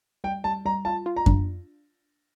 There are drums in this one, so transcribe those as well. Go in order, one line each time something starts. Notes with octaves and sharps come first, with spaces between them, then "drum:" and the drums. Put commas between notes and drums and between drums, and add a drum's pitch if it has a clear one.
G3 G5
G3 A5
G3 A#5
F4 A5
F4
A#5
D4, drum: kick F#2